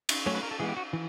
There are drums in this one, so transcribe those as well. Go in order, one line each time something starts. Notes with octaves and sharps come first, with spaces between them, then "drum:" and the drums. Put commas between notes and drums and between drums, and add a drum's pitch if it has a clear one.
drum: cymbal
F#3 A3 C#4 C#5
B4
A#4
A4
E3 G#3 B3 G#4
G4
F#4
E3